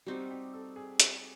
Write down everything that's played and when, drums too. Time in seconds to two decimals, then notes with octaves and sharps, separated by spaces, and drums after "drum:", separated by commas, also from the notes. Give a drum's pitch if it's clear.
0.06 G3 C4 D#4 F#4
0.31 G4
0.53 A4
0.76 G#4
1.00 drum: hi-hat